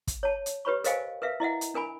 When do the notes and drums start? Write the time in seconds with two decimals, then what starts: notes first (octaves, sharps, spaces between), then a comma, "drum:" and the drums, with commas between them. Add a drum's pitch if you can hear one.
0.07 drum: kick, hi-hat
0.23 C#5 A5
0.46 drum: hi-hat
0.65 G4 B4 C#5 B5 C#6
0.84 A#4 C5 D#5 F5 G5 G#5, drum: hi-hat
1.22 A#4 B4 E5 F5
1.40 E4 D#5 E5 F#5
1.61 drum: hi-hat
1.74 D4 A#4 G#5 B5